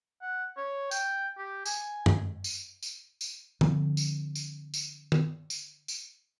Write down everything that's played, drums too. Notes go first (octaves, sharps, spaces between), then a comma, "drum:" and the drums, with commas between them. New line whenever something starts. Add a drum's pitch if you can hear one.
F#5
C#5
G5, drum: tambourine
G4
G#5, drum: tambourine
drum: tom F#2
drum: tambourine
drum: tambourine
drum: tambourine
D3 F3 C4, drum: tom D3
drum: tambourine
drum: tambourine
drum: tambourine
drum: tom D#3
drum: tambourine
drum: tambourine